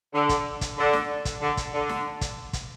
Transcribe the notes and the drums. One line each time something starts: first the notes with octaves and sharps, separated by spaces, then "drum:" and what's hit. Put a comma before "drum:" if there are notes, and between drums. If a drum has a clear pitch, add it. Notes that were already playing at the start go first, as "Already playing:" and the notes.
D3
drum: kick, hi-hat
drum: kick, hi-hat
D3
drum: snare
drum: kick, hi-hat
D3
drum: kick, hi-hat
D3
drum: snare
drum: kick, hi-hat
drum: kick, hi-hat